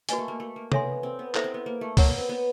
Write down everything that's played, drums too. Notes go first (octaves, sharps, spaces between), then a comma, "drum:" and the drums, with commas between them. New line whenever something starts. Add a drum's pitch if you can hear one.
A#3 F#4 B4 D#5 G#5, drum: hi-hat
A3
A#3
A3
A#3
B3 A4 C#5 E5 G#5 C6, drum: tom C3
C4
B3
B3 E4 A4 C5 E5, drum: clap
C4
B3
A#3
A3
A#3 A#4 C#5 F#5 A#5, drum: kick, open hi-hat
B3
C4
B3